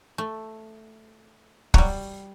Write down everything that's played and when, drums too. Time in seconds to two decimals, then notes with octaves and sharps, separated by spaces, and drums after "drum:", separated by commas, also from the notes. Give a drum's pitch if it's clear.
0.18 A3
1.74 F#3 G3, drum: kick